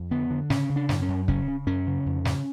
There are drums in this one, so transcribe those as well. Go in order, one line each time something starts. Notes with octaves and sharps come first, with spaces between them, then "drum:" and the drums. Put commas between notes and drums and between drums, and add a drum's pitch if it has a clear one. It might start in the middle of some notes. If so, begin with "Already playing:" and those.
Already playing: F2
D3 B3
D3
C#3 C#4, drum: snare
C#3
D4
F#2, drum: snare
C#4
F#2
C#3 C#4, drum: kick
C#3
F#2 C#4
C#3
F2
C#3, drum: snare